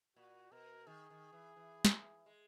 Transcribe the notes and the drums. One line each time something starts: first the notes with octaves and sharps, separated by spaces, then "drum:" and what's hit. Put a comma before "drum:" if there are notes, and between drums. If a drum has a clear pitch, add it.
A#2 F#4
B2 A#4
D#3 G#4
D#3
E3
E3
drum: snare
G#3